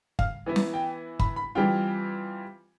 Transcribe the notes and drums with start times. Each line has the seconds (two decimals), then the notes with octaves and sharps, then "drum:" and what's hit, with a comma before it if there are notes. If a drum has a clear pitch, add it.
0.19 F5, drum: kick
0.46 E3 B3 E4
0.56 drum: snare
0.74 G5
1.19 B5, drum: kick
1.36 B5
1.55 E3 G3 C4 F4 G5